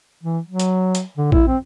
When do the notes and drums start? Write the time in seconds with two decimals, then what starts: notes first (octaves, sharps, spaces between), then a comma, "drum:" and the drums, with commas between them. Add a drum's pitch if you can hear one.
0.23 E3
0.47 F#3
0.60 drum: hi-hat
0.95 drum: hi-hat
1.17 D3
1.32 E4, drum: kick A#1
1.47 C4